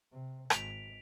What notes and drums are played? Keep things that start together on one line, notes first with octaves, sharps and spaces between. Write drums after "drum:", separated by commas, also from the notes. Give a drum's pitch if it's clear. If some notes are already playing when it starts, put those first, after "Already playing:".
C3
G#1 B6 D7 F7, drum: rim click